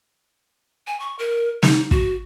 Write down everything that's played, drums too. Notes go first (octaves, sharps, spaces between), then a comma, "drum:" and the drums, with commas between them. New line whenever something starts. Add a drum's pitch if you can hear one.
G#5
C#6
A#4
D#4, drum: snare
F#4, drum: kick